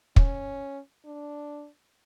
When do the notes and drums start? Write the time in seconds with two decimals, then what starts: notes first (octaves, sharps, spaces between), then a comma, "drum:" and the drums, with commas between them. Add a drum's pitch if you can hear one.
0.16 C#4, drum: kick
1.05 D4